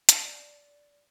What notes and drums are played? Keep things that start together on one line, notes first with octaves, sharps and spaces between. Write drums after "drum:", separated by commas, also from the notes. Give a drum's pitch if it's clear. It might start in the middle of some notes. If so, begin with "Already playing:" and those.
drum: hi-hat
D5